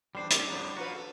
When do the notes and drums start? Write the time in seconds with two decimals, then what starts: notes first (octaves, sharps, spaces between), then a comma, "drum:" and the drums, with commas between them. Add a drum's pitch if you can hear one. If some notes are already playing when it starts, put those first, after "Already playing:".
0.15 E2 G3 D4 A4 C5
0.30 F#2, drum: hi-hat
0.50 F2 A2 D3
0.77 F3 F4 F#4 B4
0.95 A4